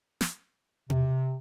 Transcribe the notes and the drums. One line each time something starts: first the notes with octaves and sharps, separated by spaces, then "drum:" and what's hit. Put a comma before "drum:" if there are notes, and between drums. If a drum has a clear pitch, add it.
drum: snare
C3, drum: tom B2